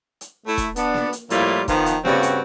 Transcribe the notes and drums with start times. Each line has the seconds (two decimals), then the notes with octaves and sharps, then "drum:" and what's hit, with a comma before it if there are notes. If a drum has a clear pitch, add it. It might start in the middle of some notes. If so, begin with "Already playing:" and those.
0.21 drum: hi-hat
0.47 A3 E4
0.58 drum: kick E1, hi-hat
0.76 B3 D4, drum: hi-hat
0.94 drum: snare A#3
1.13 drum: hi-hat
1.30 A2 F3 G3 A#3 E4 F4, drum: hi-hat
1.68 D#3 F3 B3, drum: kick E1, hi-hat
1.86 drum: hi-hat
2.05 G2 C#3 G3 C4 F#4, drum: snare A#3
2.23 drum: hi-hat